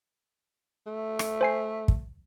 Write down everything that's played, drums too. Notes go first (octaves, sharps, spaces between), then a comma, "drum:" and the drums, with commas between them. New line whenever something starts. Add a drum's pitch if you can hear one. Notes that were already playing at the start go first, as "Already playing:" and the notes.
A3
drum: rim click
C5 G#5 C7
drum: kick